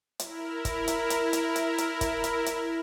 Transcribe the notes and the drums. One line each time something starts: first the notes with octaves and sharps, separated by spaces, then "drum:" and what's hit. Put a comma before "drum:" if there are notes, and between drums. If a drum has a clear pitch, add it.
E4 A#4, drum: hi-hat
drum: kick, hi-hat
drum: hi-hat
drum: hi-hat
drum: hi-hat
drum: hi-hat
drum: hi-hat
drum: kick, hi-hat
drum: hi-hat
drum: hi-hat